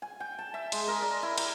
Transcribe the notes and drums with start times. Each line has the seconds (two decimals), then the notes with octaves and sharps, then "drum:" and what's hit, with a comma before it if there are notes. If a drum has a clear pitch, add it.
0.02 G#5
0.20 G5
0.39 A5
0.54 E5
0.72 G#3, drum: cymbal
0.88 A#4
1.02 D5
1.23 E4
1.38 G4, drum: cymbal